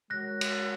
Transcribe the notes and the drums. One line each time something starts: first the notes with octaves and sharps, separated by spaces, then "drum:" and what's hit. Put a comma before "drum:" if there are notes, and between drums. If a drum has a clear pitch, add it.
G#3 F#4 A#4 C#5 F#6 A#6
drum: cymbal